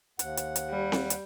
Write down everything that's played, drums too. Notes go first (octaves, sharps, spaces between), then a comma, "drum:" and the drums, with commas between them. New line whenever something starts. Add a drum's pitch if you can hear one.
D#2 F#5, drum: hi-hat
drum: hi-hat
drum: hi-hat
G3
drum: snare C4
drum: hi-hat